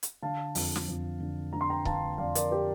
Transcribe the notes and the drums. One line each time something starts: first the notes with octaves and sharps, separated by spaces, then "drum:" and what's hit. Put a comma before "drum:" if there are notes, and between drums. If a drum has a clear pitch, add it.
drum: hi-hat
D3 F5 A5
F2, drum: open hi-hat
drum: snare
F2
D3
D3 A#5
C6
G5 A#5
D3 F5 A5, drum: kick C#1
F2 D5 F5
A#4 D5, drum: hi-hat
G4 A#4